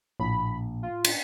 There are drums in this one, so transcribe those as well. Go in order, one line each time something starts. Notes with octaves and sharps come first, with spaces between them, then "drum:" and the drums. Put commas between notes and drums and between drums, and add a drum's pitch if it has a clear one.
A#1 A2 B5
F4
drum: cymbal